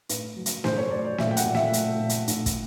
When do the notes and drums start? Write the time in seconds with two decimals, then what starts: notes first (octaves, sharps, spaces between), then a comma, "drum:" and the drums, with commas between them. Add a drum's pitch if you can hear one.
0.09 A2 B4, drum: hi-hat
0.36 F#3
0.46 drum: hi-hat
0.64 A2 C5, drum: snare
0.78 C#5
0.91 F#3 D5
1.05 D5
1.18 A#2 E5, drum: snare
1.31 G5
1.37 F#5, drum: hi-hat
1.46 A#2
1.55 E5, drum: snare
1.73 A3, drum: hi-hat
2.00 A#2
2.09 drum: hi-hat
2.28 A2, drum: hi-hat
2.46 drum: kick, hi-hat